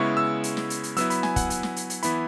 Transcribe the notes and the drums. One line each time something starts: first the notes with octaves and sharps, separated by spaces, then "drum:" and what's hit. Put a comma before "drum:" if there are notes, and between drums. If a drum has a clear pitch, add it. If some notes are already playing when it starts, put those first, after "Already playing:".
Already playing: C#3 G#3 B3 E4 C#6
E6
drum: hi-hat
drum: snare
drum: hi-hat
drum: hi-hat
F#3 B3 E4 E6, drum: hi-hat
B5, drum: hi-hat
G#5, drum: snare
F#5, drum: kick, hi-hat
F#5, drum: hi-hat
drum: snare
drum: hi-hat
drum: hi-hat
E3 B3 E4 B5, drum: hi-hat